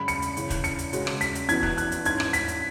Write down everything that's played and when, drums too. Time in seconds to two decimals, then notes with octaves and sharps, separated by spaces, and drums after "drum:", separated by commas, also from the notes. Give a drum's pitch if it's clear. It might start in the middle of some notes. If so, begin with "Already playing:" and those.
Already playing: F#2 C#3 G#3 B5
0.08 C#7, drum: hi-hat
0.22 drum: hi-hat
0.37 C#3 E3 C#4, drum: hi-hat
0.50 drum: kick, hi-hat
0.64 C#7, drum: hi-hat
0.79 drum: hi-hat
0.93 C#3 G#3 C#4 F#4, drum: hi-hat
1.07 drum: rim click
1.21 B6, drum: hi-hat
1.35 drum: hi-hat
1.49 E2 E3 B3 F#4 G#6, drum: hi-hat
1.63 F#6, drum: kick
1.78 F#6, drum: hi-hat
1.92 drum: hi-hat
2.05 G#2 E3 C#4 G#6, drum: hi-hat
2.20 drum: rim click
2.33 B6, drum: hi-hat
2.48 drum: hi-hat